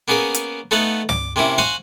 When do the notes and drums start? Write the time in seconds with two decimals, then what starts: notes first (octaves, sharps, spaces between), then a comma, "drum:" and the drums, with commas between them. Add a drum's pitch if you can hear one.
0.08 A#3 B3 C#4 G#4 A#4
0.34 drum: hi-hat
0.71 A3 B3 D#4 A4 F5 F#5
1.09 D6, drum: tom
1.36 C3 A#3 C#4 E4
1.58 F#4 C5 F5 F#5 G#5